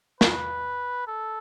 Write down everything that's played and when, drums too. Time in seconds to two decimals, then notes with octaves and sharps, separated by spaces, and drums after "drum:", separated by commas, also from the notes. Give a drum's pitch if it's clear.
0.21 B4, drum: snare
1.07 A4